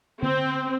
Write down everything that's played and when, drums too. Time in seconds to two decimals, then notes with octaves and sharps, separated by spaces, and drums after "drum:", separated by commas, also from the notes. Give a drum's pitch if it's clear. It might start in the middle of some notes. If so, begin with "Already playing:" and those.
0.23 C4, drum: tom D3